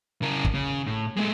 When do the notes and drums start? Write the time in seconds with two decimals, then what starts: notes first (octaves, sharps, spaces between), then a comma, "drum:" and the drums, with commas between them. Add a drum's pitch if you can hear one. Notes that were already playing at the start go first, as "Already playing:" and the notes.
0.22 C#3 A#4
0.45 drum: kick
0.54 C#3
0.86 A2
1.17 G#3 A3